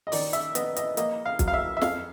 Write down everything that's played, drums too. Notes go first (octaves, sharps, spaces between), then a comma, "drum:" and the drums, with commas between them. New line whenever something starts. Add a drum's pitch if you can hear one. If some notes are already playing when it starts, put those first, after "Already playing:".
D#5
D#3 D5, drum: open hi-hat
E5, drum: hi-hat
B3 D#5, drum: hi-hat
D#5, drum: hi-hat
A#3 D#5, drum: hi-hat
F5
F#3, drum: kick B1, hi-hat
F5
E5
E5
F2 F5, drum: snare